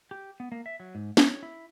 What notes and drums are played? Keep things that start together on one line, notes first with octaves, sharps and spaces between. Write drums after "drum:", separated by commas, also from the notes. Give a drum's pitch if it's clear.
G4
B3
A#3
E5
F#3
G#2
C#5, drum: snare
E4